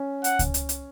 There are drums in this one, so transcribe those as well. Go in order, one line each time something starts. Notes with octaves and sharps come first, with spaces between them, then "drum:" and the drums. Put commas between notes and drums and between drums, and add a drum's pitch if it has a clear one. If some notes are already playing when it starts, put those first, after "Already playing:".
Already playing: C#4
F#5, drum: hi-hat
drum: kick C#2, hi-hat
drum: hi-hat
drum: hi-hat